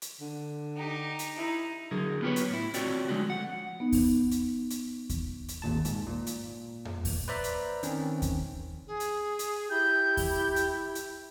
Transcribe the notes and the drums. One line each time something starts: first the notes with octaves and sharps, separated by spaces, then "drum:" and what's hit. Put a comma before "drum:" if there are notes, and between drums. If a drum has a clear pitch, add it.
drum: hi-hat
D3
D#4 G4
drum: hi-hat
D#4 E4
D3 F#3 G#4 A#4
B3 F4 G4 G#4 B4 C#5
drum: hi-hat
A2 E4
C4 F4 F#4 C#5 D5 G5, drum: hi-hat
D3 F3 G#3 A3 F4 F#4
F#5
B3 D#4
drum: kick D#2, open hi-hat
drum: hi-hat
drum: hi-hat
drum: kick D#2, hi-hat
drum: hi-hat
G#1 D#2 A#2 A5
G#2, drum: hi-hat
A#2
drum: hi-hat
drum: tom F2
drum: kick D#2, open hi-hat
B4 C5 D5 E5 A#5 B5
drum: hi-hat
D#3 C4 C#4, drum: hi-hat
drum: kick D#2, hi-hat
G#4
drum: hi-hat
drum: hi-hat
E4 G4 G6
drum: kick D#2, open hi-hat
drum: hi-hat
drum: hi-hat